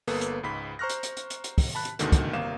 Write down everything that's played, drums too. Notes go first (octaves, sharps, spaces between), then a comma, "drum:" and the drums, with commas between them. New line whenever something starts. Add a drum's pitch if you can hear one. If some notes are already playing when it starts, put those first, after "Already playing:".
G1 A#3 B3 A4 B4 D#6, drum: open hi-hat
drum: hi-hat
C#2 G#2 B5 B6
C5 A#5 C#6 F6 F#6 A#6
drum: hi-hat
drum: hi-hat
drum: hi-hat
drum: hi-hat
drum: hi-hat
drum: kick, open hi-hat
A5 B5 F#6
drum: hi-hat
D2 G#2 B2 D3 D#3, drum: hi-hat
drum: kick, hi-hat
G1 C3 A#3 F5 E7